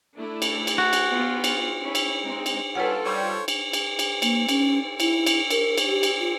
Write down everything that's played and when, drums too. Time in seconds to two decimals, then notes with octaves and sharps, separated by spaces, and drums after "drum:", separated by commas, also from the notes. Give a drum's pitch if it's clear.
0.16 A3 D4 E4
0.42 drum: cymbal
0.67 drum: cymbal
0.78 F#4
0.93 drum: cymbal
1.12 B3 F4
1.44 drum: cymbal
1.83 C#4 E4
1.95 drum: cymbal
2.25 G#3 C4 D#4
2.46 drum: cymbal
2.75 G3 C4 C#4 F4 A4 B4 F#5
3.05 G3 C5 C#5
3.48 drum: cymbal
3.73 drum: cymbal
3.99 drum: cymbal
4.22 A#3, drum: cymbal
4.49 C#4, drum: cymbal
5.00 E4, drum: cymbal
5.27 drum: cymbal
5.50 A#4, drum: cymbal
5.78 drum: cymbal
5.87 G4
6.03 drum: cymbal
6.20 F4